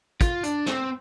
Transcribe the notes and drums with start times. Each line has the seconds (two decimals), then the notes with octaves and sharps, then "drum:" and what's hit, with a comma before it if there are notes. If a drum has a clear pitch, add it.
0.21 F4, drum: kick, hi-hat
0.43 D4, drum: hi-hat
0.66 C4, drum: snare